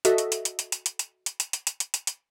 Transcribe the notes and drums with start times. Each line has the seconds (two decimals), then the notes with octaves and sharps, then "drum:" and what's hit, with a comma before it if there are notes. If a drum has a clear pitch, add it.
0.05 F#4 A4 D#5 E5, drum: hi-hat
0.18 drum: hi-hat
0.32 drum: hi-hat
0.45 drum: hi-hat
0.59 drum: hi-hat
0.72 drum: hi-hat
0.86 drum: hi-hat
0.99 drum: hi-hat
1.26 drum: hi-hat
1.40 drum: hi-hat
1.53 drum: hi-hat
1.67 drum: hi-hat
1.80 drum: hi-hat
1.94 drum: hi-hat
2.07 drum: hi-hat